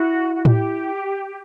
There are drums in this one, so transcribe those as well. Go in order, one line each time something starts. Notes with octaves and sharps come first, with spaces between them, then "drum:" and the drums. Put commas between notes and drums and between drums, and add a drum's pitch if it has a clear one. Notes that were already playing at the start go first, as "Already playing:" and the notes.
Already playing: E4 F#4
F#4
G4, drum: tom A2